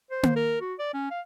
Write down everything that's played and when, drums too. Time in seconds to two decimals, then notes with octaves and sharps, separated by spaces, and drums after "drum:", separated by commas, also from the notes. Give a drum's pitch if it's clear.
0.11 C5
0.23 drum: tom A#3
0.36 A#4
0.61 F#4
0.79 D5
0.94 C#4
1.11 F5